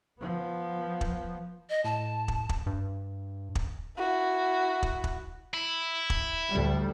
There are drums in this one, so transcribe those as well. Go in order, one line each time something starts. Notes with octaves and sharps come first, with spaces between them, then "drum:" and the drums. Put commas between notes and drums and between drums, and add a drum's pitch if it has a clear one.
F3 B3
drum: kick
D#5
A2 A5
drum: kick
drum: kick
G2
drum: kick
E4 F#4
drum: kick
drum: kick
E4
drum: kick
D2 G3